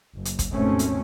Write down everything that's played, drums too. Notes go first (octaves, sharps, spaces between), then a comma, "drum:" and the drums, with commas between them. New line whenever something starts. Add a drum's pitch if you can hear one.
F#1
drum: hi-hat
drum: kick, hi-hat
G#1 D#2 B2 A3 C4 C#4
drum: hi-hat